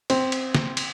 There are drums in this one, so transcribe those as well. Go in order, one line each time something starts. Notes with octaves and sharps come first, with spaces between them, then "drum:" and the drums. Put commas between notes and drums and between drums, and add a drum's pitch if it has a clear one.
C4, drum: cymbal
drum: cymbal
drum: snare
drum: cymbal